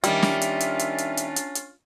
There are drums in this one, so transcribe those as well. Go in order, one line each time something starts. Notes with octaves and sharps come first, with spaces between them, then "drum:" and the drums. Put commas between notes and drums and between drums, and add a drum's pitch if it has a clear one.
D#3 G3 A#3 C#4 D4 F4 E5, drum: hi-hat
drum: snare
drum: hi-hat
drum: hi-hat
drum: hi-hat
drum: hi-hat
drum: hi-hat
drum: hi-hat
drum: hi-hat